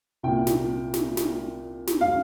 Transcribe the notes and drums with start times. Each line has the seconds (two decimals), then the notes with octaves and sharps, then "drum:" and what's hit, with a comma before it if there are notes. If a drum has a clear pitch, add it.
0.23 C2 A#2 G5
0.47 drum: snare
0.94 drum: snare
1.17 drum: snare
1.88 drum: snare
2.01 F5